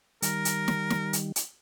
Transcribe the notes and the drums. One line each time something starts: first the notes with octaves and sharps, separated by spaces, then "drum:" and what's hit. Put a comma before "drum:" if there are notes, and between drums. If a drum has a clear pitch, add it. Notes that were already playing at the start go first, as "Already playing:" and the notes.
D#3 G3 A#4, drum: hi-hat
drum: hi-hat
drum: snare
drum: snare
drum: hi-hat
drum: hi-hat